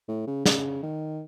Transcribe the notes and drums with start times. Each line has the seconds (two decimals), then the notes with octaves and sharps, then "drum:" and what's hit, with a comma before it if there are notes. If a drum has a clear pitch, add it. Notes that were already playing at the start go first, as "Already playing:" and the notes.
0.08 A2
0.27 C#3
0.46 C#3, drum: snare
0.83 D#3